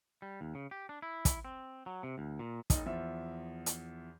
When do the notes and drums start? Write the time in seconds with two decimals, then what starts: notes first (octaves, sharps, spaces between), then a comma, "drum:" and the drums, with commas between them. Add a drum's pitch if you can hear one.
0.22 G3
0.41 D#2
0.55 C#3
0.71 G4
0.89 D4
1.02 E4
1.25 drum: kick, hi-hat
1.45 C4
1.86 F#3
2.03 C3
2.18 D2
2.39 A#2
2.70 F#1 D#4, drum: kick, hi-hat
2.86 E2 F3 E5
3.66 drum: hi-hat